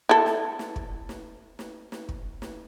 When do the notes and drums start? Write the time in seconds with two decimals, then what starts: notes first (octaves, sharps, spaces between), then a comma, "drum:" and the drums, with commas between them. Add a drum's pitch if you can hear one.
0.09 E4 A4
0.26 drum: snare
0.59 drum: snare
0.76 drum: kick
1.09 drum: snare
1.59 drum: snare
1.92 drum: snare
2.09 drum: kick
2.42 drum: snare